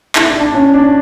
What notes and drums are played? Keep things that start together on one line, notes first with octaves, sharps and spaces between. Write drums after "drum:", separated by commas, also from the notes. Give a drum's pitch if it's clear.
E4, drum: clap
D4
D4
C#4
D4